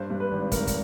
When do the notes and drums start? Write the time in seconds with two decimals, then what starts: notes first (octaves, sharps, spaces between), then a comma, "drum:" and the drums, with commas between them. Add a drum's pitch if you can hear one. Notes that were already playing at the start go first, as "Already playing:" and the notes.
Already playing: G2 C5
0.10 G2
0.20 B4
0.31 G#1
0.52 F1 A#4, drum: kick, hi-hat
0.67 drum: kick, hi-hat